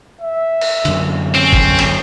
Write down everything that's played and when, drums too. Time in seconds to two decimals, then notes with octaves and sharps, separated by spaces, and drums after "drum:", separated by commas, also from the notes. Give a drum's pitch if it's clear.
0.22 E5
0.61 drum: cymbal
0.85 F#2 D3, drum: hi-hat
1.35 C4 C#4
1.53 drum: kick
1.79 drum: cymbal